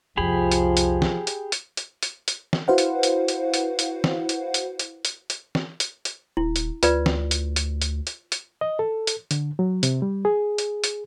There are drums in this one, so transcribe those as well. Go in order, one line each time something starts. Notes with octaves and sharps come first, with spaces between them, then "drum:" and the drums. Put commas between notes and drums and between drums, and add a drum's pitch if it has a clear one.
C2 F2 F3 G4 G#4 B5
drum: hi-hat
drum: hi-hat
drum: snare
drum: hi-hat
drum: hi-hat
drum: hi-hat
drum: hi-hat
drum: hi-hat
drum: snare
E4 F#4 B4 C5 F5 F#5
drum: hi-hat
drum: hi-hat
drum: hi-hat
drum: hi-hat
drum: hi-hat
drum: snare
drum: hi-hat
drum: hi-hat
drum: hi-hat
drum: hi-hat
drum: hi-hat
drum: snare
drum: hi-hat
drum: hi-hat
D#1 E4
drum: hi-hat
D2 F4 B4 D5, drum: hi-hat
drum: snare
drum: hi-hat
drum: hi-hat
drum: hi-hat
drum: hi-hat
drum: hi-hat
D#5
A4
drum: hi-hat
D3, drum: hi-hat
F#3
C3, drum: hi-hat
G3
G#4
drum: hi-hat
drum: hi-hat